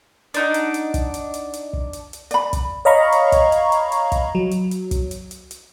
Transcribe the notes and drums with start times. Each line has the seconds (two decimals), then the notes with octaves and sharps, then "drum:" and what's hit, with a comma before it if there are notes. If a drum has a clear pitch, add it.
0.34 D4 D#4 F#5, drum: hi-hat
0.54 drum: hi-hat
0.74 drum: hi-hat
0.94 drum: kick, hi-hat
1.14 drum: hi-hat
1.34 drum: hi-hat
1.53 drum: hi-hat
1.73 drum: kick
1.93 drum: hi-hat
2.13 drum: hi-hat
2.31 D5 B5, drum: hi-hat
2.53 drum: kick, hi-hat
2.85 C#5 D#5 F5 A#5 B5 C#6
3.12 drum: hi-hat
3.32 drum: kick, hi-hat
3.52 drum: hi-hat
3.72 drum: hi-hat
3.92 drum: hi-hat
4.12 drum: kick, hi-hat
4.35 F#3
4.51 drum: hi-hat
4.71 drum: hi-hat
4.91 drum: kick, hi-hat
5.11 drum: hi-hat
5.31 drum: hi-hat
5.51 drum: hi-hat